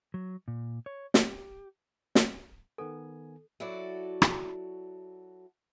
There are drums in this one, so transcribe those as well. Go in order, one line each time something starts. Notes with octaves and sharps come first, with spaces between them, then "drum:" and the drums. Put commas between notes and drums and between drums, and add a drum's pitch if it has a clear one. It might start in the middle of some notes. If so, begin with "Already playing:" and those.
F#3
A#2
C#5
G4, drum: snare
drum: snare
D#3 B3 A4 G#5
F#3 E4 F#4 A4 D5
drum: rim click